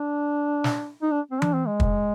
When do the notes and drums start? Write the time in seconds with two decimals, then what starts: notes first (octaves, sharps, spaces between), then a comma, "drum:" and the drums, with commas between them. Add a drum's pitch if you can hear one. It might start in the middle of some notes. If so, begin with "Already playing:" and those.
Already playing: D4
0.64 drum: snare
1.02 D#4
1.12 D4
1.31 C4
1.42 D4, drum: tom E3
1.54 C4
1.67 G#3
1.80 drum: kick